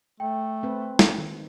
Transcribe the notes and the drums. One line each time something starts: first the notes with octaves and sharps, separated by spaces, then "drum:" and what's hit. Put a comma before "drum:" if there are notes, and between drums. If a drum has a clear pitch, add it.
A3 G5
C4 B4
drum: snare
D#3